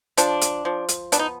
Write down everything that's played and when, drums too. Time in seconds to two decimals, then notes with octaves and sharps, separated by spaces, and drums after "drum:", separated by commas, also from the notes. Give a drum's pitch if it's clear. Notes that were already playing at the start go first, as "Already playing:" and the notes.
0.17 F3 D4, drum: hi-hat
0.41 drum: hi-hat
0.65 F3
0.88 drum: hi-hat
1.12 B3 D4, drum: hi-hat
1.19 D#4